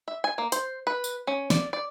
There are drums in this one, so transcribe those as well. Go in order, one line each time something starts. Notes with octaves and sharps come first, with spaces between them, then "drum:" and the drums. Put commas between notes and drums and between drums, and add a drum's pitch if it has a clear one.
E5
G#5
A#3
C5, drum: hi-hat
B4
drum: tambourine
C#4
D5, drum: snare
D5